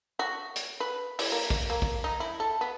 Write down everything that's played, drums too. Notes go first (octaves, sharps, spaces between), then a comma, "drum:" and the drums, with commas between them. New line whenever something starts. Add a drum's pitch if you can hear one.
F#4
drum: hi-hat
B4
E3, drum: open hi-hat
A#3
drum: kick
A#3
drum: kick
D#4
E4
A4
B3